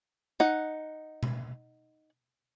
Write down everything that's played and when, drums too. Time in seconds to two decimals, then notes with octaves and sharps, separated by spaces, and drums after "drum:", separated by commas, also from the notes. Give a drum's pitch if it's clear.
0.40 D#4 F#5
1.23 drum: tom B2